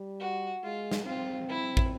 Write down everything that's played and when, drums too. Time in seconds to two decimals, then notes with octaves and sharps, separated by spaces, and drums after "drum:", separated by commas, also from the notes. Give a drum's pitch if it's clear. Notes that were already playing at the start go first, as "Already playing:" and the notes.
Already playing: G3
0.20 F#4
0.63 G#3 F4
0.91 drum: snare
1.05 C4 F4
1.49 E4
1.77 drum: kick